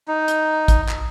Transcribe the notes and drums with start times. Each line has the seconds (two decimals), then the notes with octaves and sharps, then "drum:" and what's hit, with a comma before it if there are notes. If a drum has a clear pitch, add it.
0.08 D#4
0.28 drum: hi-hat
0.68 drum: kick, hi-hat
0.89 drum: clap